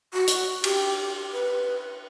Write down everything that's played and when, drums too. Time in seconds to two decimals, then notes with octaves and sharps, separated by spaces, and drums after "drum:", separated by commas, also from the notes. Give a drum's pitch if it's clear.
0.14 F#4
0.27 drum: hi-hat
0.64 G4, drum: cymbal
1.33 B4